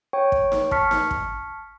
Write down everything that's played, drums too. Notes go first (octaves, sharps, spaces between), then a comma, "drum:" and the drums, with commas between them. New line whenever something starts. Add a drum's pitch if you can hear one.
C#5 G5 C#6
drum: kick
drum: snare D#4
A5 C#6 F6 B6 C#7, drum: kick
drum: snare D#4
drum: kick